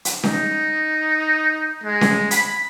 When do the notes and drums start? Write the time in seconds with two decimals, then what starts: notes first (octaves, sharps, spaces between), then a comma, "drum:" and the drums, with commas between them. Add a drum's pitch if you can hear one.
0.05 drum: hi-hat
0.23 D#4, drum: snare C#4
1.84 G#3
2.01 drum: snare C#4
2.31 B5, drum: hi-hat